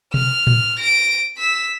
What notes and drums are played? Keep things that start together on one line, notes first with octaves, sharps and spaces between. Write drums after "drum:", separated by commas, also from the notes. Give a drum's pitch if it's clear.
F6, drum: tom B2
drum: tom A2
A#6 D7
E6 B6